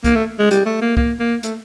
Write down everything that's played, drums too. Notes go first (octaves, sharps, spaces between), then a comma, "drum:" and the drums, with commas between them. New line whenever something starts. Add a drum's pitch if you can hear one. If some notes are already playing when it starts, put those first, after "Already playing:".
A#3, drum: kick C2, hi-hat
A3
G#3
G3, drum: hi-hat
A3
A#3
A#3, drum: kick C2
A#3
A3, drum: hi-hat